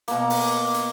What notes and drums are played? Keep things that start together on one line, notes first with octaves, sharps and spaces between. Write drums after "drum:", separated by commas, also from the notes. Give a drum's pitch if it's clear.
B2 A#3, drum: hi-hat
drum: open hi-hat
drum: hi-hat